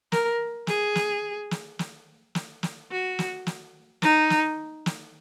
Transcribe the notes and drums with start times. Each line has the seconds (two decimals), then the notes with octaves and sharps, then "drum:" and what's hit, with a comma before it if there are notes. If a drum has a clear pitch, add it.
0.12 A#4, drum: snare
0.67 G#4, drum: snare
0.95 drum: snare
1.51 drum: snare
1.79 drum: snare
2.35 drum: snare
2.63 drum: snare
2.91 F#4
3.19 drum: snare
3.47 drum: snare
4.02 D#4, drum: snare
4.30 drum: snare
4.86 drum: snare